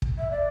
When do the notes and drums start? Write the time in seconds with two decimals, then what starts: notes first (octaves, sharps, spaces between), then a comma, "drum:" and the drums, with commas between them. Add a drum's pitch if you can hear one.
0.02 drum: kick
0.18 E5
0.31 D5